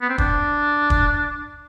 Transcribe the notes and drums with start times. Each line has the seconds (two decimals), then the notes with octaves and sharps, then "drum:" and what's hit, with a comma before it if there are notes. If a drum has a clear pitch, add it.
0.02 B3
0.09 C4
0.18 D4, drum: kick
0.90 drum: kick